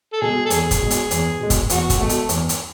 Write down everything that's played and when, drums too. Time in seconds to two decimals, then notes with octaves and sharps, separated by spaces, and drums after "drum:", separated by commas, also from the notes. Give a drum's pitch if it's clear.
0.13 A4
0.21 B2 G#3 G#4
0.46 A4
0.50 E2 G#4, drum: hi-hat
0.71 drum: kick, hi-hat
0.81 B2 G#3
0.91 drum: hi-hat
1.11 E2, drum: hi-hat
1.39 B2 G#3
1.50 drum: kick, hi-hat
1.70 E2 F#4, drum: hi-hat
1.90 drum: kick, hi-hat
1.99 B2 G#3 A3
2.09 drum: hi-hat
2.29 E2, drum: hi-hat
2.49 drum: hi-hat